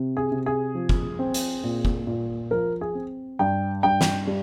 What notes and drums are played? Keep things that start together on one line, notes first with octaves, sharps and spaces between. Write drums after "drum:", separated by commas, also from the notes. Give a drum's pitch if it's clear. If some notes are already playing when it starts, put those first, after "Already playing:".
Already playing: C3
G#4
C3
G#4
F3
drum: kick
C4
drum: hi-hat
A#2
drum: kick
A#2
F3 A#4
G#4
C4
G2 G5
G2 G5
drum: snare
G3